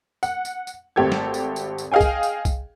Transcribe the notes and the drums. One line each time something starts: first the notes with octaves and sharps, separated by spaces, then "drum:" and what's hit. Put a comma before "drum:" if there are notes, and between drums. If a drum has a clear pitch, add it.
F#5, drum: tambourine
drum: tambourine
drum: tambourine
G#1 A3 C4 G4 A4 G#6
drum: snare
drum: tambourine
drum: tambourine
drum: tambourine
G#4 D#5 F5 G5 G#5
drum: kick C2, tambourine
drum: tambourine
drum: kick C2, tambourine